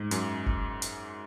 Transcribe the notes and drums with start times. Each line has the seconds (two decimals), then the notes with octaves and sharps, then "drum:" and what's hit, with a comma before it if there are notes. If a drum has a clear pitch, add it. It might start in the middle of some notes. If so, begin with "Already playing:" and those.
Already playing: G#2
0.11 F#2, drum: hi-hat
0.46 drum: kick F#1
0.82 drum: hi-hat